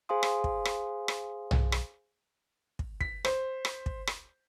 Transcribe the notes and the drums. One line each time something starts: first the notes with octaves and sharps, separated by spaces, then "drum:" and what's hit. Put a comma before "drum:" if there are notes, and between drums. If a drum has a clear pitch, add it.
G#4 C5 F5 G#5 C6 D#6
drum: rim click
drum: kick
drum: rim click
drum: rim click
drum: tom B1
drum: rim click
drum: kick
B6, drum: kick
C5, drum: rim click
drum: rim click
drum: kick
drum: rim click